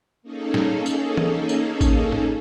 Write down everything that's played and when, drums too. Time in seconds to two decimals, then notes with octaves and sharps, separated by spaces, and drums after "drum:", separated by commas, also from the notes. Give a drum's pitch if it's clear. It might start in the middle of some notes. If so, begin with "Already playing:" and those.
0.23 A#3 C#4 D#4 G#4 A4
0.54 drum: snare
0.86 drum: tambourine
1.17 drum: tom E3
1.49 drum: tambourine
1.81 drum: kick, tambourine
2.12 drum: tom G#2